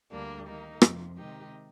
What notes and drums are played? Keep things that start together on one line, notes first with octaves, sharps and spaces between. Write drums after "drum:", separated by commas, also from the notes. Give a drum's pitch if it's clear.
D2 D3 G3 A#3 D4
D#3 A#3 D#4
F2 C3 F3, drum: rim click
C3 D#3 G#3 D#4 G4